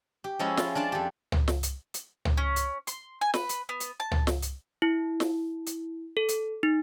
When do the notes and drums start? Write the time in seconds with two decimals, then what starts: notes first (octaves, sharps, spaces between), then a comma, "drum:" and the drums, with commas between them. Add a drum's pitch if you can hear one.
0.24 G4
0.39 F3 G#3 C#4 E4
0.57 F4, drum: snare
0.75 D4 F4 D5 A5
0.92 F2 G4
1.32 drum: tom C#2
1.48 drum: snare
1.63 drum: hi-hat
1.94 drum: hi-hat
2.25 drum: tom C#2
2.37 C#4
2.56 drum: hi-hat
2.87 C6, drum: hi-hat
3.21 G#5
3.34 B4, drum: snare
3.49 drum: hi-hat
3.69 B3
3.80 drum: hi-hat
4.00 A5
4.11 drum: tom C#2
4.27 drum: snare
4.42 drum: hi-hat
4.82 E4
5.20 drum: snare
5.67 drum: hi-hat
6.17 A4
6.29 drum: hi-hat
6.63 D#4